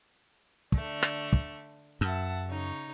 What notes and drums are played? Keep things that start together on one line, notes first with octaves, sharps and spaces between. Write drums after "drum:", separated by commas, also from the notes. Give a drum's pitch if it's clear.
D3 A3 D4, drum: kick
drum: rim click
drum: kick
F#2 E5 F#5 A5
C#3 D#4 C#5